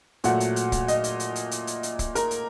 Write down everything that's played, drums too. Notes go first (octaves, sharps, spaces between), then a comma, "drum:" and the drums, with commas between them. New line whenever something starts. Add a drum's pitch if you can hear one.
A#2 F#3 A3 F#5, drum: hi-hat
drum: hi-hat
drum: hi-hat
drum: kick C#1, hi-hat
D#5, drum: hi-hat
drum: hi-hat
drum: hi-hat
drum: hi-hat
drum: hi-hat
drum: hi-hat
drum: hi-hat
drum: kick C#1, hi-hat
A#4, drum: hi-hat
drum: hi-hat